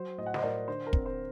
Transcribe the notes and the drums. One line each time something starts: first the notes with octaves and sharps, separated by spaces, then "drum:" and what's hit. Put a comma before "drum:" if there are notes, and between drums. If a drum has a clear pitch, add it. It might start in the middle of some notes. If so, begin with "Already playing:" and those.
Already playing: F#3 C5
A2 D#5
F#5
C5 D#5, drum: snare
A2 A#4 D5
D3 C5
A#4
C4, drum: kick
C5